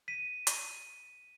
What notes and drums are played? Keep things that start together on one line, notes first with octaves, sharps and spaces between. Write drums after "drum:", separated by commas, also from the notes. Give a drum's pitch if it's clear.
B6 D#7
drum: hi-hat